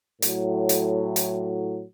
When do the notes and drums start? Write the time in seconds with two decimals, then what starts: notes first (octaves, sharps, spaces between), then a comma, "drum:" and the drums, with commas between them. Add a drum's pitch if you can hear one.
0.22 A2 F#3, drum: hi-hat
0.69 drum: hi-hat
1.16 drum: hi-hat